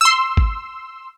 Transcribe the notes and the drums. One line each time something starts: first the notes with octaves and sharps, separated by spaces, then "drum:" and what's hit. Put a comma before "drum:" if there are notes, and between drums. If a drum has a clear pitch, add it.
C6 E6
drum: kick G#1